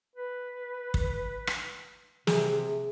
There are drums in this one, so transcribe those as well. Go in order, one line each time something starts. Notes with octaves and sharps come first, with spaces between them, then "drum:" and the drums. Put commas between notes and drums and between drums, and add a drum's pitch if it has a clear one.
B4
drum: kick
drum: rim click
C3 G#4, drum: snare